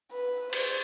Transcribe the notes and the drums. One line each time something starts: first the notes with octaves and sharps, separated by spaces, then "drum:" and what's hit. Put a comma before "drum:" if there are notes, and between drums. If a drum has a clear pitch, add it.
B4
C5, drum: cymbal